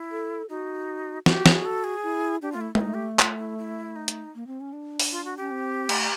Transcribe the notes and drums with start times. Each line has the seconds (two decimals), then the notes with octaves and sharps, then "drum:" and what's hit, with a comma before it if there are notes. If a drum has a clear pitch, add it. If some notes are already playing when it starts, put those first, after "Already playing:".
Already playing: E4
0.11 A4
0.49 D#4 F#4
1.26 F#4 G4, drum: snare
1.46 G#4, drum: snare
1.65 A4
1.84 G#4
2.03 E4
2.42 D4 G4
2.52 A3 F4
2.61 E4
2.75 E4, drum: tom G#3
2.81 A3 D#4
2.94 G4
3.19 F4, drum: clap
3.38 E4
3.58 E4
3.96 D#4
4.08 drum: hi-hat
4.35 A#3
4.47 C4
4.60 C#4
4.73 D4
4.99 drum: open hi-hat
5.12 F4
5.25 F#4
5.37 C#4 G4
5.51 C4
5.89 A3, drum: cymbal